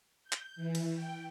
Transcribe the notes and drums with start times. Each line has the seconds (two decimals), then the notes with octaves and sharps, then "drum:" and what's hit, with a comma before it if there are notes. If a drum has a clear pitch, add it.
0.23 G6
0.32 drum: clap
0.56 E3
0.75 drum: cymbal
0.96 G5